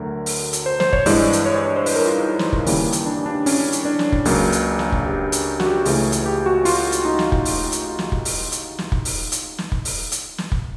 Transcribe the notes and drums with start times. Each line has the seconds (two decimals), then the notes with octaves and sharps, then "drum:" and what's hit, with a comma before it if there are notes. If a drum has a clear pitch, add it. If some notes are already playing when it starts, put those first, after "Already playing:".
Already playing: D2 D3 F#3 A3 A#4
0.26 drum: open hi-hat
0.53 drum: hi-hat
0.66 C5
0.80 C5, drum: snare
0.93 C#5, drum: kick
1.06 G2 E3 G#3 D5, drum: open hi-hat
1.33 drum: hi-hat
1.46 C#5
1.56 D5
1.66 C#5
1.76 C5
1.86 B4, drum: open hi-hat
1.96 A#4
2.05 F4
2.16 D#4
2.39 drum: snare
2.53 drum: kick
2.66 D#2 C#3 E3 G3 A#3, drum: open hi-hat
2.93 drum: hi-hat
3.06 D4
3.26 D4
3.46 C#4, drum: open hi-hat
3.72 drum: hi-hat
3.85 D4
3.99 drum: snare
4.12 drum: kick
4.25 C#2 C#3 F#3 A#3, drum: open hi-hat
4.52 drum: hi-hat
4.79 drum: snare
4.92 drum: kick
5.06 G4
5.32 drum: hi-hat
5.60 F#4, drum: snare
5.66 G4
5.85 C#2 C#3 E3 A3 G#4, drum: open hi-hat
6.12 drum: hi-hat
6.26 G4
6.46 F#4
6.65 F4, drum: open hi-hat
6.92 drum: hi-hat
7.05 D#4
7.19 drum: snare
7.32 drum: kick
7.45 drum: open hi-hat
7.72 drum: hi-hat
7.99 drum: snare
8.12 drum: kick
8.25 drum: open hi-hat
8.52 drum: hi-hat
8.78 drum: snare
8.92 drum: kick
9.05 drum: open hi-hat
9.32 drum: hi-hat
9.58 drum: snare
9.72 drum: kick
9.85 drum: open hi-hat
10.12 drum: hi-hat
10.38 drum: snare
10.52 drum: kick